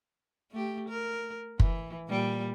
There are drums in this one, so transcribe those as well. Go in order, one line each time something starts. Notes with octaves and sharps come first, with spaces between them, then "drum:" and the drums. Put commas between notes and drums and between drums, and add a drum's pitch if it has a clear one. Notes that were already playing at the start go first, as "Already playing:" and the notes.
A3 G4
A#4
E3, drum: kick
A#2 G3